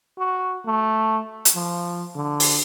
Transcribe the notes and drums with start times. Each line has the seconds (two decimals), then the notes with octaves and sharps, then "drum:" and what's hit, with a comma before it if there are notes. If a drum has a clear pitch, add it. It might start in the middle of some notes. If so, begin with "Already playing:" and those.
0.19 F#4
0.66 A3
1.45 drum: hi-hat
1.55 F3
2.15 D3
2.40 drum: open hi-hat